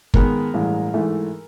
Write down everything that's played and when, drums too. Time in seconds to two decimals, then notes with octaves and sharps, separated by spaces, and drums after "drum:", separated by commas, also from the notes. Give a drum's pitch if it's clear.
0.14 G#2 D#3 G#3 B3 A#4, drum: kick
0.54 A1 G2 E3 G#3
0.94 G#2 E3 A3